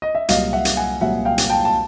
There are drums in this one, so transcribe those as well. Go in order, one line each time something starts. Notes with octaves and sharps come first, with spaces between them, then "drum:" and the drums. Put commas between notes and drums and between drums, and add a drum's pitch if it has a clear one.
D#5
E5
C2 A#2 F#3 D#5 F5, drum: hi-hat
E5 F#5
drum: hi-hat
F#5 G#5
C2 A#2 F#3 E5 F#5
F5 G5
drum: hi-hat
G5 A5
A5